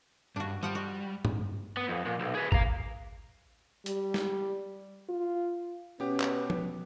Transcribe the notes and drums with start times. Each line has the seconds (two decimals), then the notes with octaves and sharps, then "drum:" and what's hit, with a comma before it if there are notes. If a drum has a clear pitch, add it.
0.36 G2 D4 F#4
0.63 F3 G3 F#5 G5
0.75 F#4
1.25 drum: tom G2
1.77 B3
1.89 F2
2.06 A#2
2.20 B1
2.35 G#4 B4
2.52 F5 A#5, drum: kick A1
3.86 G3, drum: hi-hat
4.14 drum: snare
5.09 F4
6.00 B2 B3 C#4 G4 B4
6.20 drum: clap
6.50 drum: tom F3